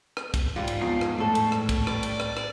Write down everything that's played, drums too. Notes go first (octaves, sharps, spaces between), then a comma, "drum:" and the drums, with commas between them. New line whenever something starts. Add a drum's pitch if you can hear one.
drum: rim click
drum: kick, cymbal
G#2 G3 F4
drum: cymbal
E2 F3 C7
drum: rim click
A2 G3 A4
drum: cymbal
drum: rim click
drum: kick, cymbal
G3 D5, drum: rim click
drum: cymbal
drum: rim click
drum: rim click